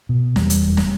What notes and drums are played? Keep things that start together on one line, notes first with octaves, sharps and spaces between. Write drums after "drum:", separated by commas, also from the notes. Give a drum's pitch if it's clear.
B2
E2 G3, drum: snare
drum: hi-hat
F1
drum: snare